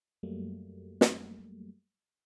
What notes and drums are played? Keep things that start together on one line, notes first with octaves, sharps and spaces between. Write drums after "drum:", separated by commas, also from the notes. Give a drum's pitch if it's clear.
F#2 F#3 G3 A3 A#3
drum: snare